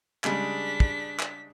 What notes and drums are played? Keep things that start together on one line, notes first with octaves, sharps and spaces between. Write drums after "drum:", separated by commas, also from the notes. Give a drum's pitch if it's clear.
C#3 G3 G#3 D4 B6, drum: clap
drum: kick
drum: clap